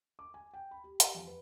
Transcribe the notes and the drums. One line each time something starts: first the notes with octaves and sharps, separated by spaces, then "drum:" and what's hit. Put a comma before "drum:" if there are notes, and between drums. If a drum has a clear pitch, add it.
D6
G#5
G5
B5
G4
G4, drum: hi-hat
F2
B4